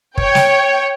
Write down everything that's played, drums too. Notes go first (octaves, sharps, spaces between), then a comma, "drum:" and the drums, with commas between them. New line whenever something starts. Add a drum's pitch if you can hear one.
C#5 G5, drum: kick
drum: snare